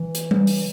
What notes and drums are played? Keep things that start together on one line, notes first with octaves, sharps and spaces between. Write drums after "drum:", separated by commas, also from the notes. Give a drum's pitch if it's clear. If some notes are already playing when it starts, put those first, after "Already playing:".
Already playing: E3
drum: hi-hat
drum: tom G3
drum: open hi-hat